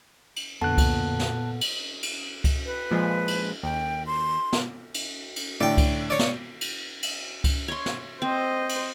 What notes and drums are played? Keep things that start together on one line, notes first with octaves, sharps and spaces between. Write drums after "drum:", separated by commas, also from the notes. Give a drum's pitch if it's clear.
drum: cymbal
F2 A#2 D3 B3 A4 F#5 A5 F#6
drum: kick C#2, cymbal
drum: snare
drum: cymbal
drum: cymbal
drum: kick C#2, cymbal
B4
A#2 F3 G#3
drum: cymbal
D#2 G5
C6
drum: snare
drum: cymbal
drum: cymbal
A2 D3 D5 G5
drum: kick C#2, cymbal
C#5 D5
drum: snare
drum: cymbal
drum: cymbal
drum: kick C#2, cymbal
C#5 C6
drum: snare
C4 C5 D#5
drum: cymbal